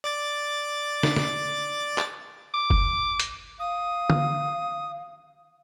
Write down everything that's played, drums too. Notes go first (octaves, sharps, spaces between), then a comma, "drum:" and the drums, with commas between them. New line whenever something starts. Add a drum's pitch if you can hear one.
D5 D6 A6
drum: snare
drum: snare
drum: clap
D6
drum: kick F#1
drum: hi-hat
F5 D#6
drum: tom D3